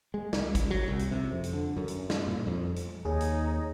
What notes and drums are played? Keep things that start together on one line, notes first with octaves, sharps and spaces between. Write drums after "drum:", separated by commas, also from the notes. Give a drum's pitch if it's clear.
G#3
C#2, drum: snare
drum: kick A1, hi-hat
F#3
C2
drum: hi-hat
C3
F2
drum: hi-hat
D3
F#2
drum: hi-hat
drum: snare
A#2
F2
drum: hi-hat
D#2 D#4 G#4 C#5
drum: hi-hat